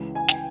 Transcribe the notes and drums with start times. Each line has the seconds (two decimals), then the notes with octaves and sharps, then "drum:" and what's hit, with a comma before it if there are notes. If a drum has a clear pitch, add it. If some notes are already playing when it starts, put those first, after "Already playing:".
Already playing: C#2 C#3 E3
0.15 G#5
0.28 G5, drum: snare